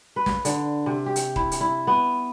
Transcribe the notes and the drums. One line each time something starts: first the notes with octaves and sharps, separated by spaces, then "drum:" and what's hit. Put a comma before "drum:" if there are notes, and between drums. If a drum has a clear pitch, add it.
B4
drum: snare
D3, drum: hi-hat
C3
G4
drum: hi-hat
E4, drum: kick D#1
drum: hi-hat
E4
B3